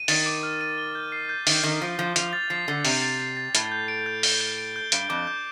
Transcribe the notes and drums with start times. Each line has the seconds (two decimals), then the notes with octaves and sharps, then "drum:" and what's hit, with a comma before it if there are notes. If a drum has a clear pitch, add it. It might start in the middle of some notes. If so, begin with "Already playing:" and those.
Already playing: D#7
0.08 D#3 A6, drum: open hi-hat
0.26 D6
0.43 F6
0.61 D#7
0.78 G7
0.95 G6
1.12 C7
1.29 G6
1.47 D#3 G7, drum: open hi-hat
1.64 D#3 G6
1.82 F3 C7
1.98 F3 G6
2.16 F3 F7, drum: hi-hat
2.33 A6
2.50 F3 C7
2.68 D3 A6
2.85 C3 F7, drum: open hi-hat
3.02 A6
3.20 C7
3.37 A6
3.55 A2 G7, drum: hi-hat
3.72 G6
3.88 D7
4.06 G6
4.23 G7, drum: open hi-hat
4.41 G6
4.58 D7
4.76 G6
4.92 G2 D7, drum: hi-hat
5.10 F2 D6
5.27 G6